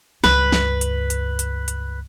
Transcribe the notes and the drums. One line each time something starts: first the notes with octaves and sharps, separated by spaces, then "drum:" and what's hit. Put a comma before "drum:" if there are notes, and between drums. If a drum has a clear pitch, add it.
C#2 G2 B4, drum: snare
drum: snare
drum: hi-hat
drum: hi-hat
drum: hi-hat
drum: hi-hat